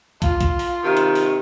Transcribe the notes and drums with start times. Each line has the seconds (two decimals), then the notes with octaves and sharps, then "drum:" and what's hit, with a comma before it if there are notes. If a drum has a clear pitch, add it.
0.22 F4, drum: kick, hi-hat
0.41 drum: kick, hi-hat
0.59 drum: open hi-hat
0.83 C3 D#3
0.97 drum: hi-hat
1.15 drum: open hi-hat